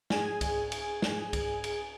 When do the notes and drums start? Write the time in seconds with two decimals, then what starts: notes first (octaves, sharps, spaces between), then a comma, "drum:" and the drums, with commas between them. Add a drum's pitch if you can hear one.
0.10 G#4 G#5, drum: snare
0.41 drum: kick C2, cymbal
0.72 drum: cymbal
1.02 drum: snare
1.33 drum: kick C2, cymbal
1.64 drum: cymbal